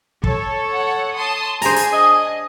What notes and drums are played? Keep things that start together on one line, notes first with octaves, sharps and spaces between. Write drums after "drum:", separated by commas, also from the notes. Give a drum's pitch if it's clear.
A4 C#5, drum: kick
F#5
A5 C6 D#6
D4 G#4 C5 G#5 A#5, drum: open hi-hat
drum: hi-hat
D#5